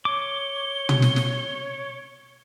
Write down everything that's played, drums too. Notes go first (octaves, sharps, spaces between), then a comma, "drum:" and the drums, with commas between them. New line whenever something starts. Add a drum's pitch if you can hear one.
C#5 D6 G7
drum: tom
drum: snare
drum: snare